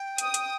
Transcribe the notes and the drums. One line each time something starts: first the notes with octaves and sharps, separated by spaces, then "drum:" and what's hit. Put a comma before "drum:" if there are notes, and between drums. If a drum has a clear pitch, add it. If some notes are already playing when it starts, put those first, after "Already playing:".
Already playing: G5
D#6, drum: hi-hat
drum: hi-hat